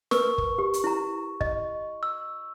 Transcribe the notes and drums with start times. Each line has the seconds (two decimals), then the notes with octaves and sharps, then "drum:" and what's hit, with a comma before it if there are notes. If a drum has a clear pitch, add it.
0.11 A#4 B4 C#6, drum: snare
0.38 drum: kick
0.58 G4
0.74 drum: hi-hat
0.84 E4 A#5
1.41 D#5, drum: kick
2.03 E6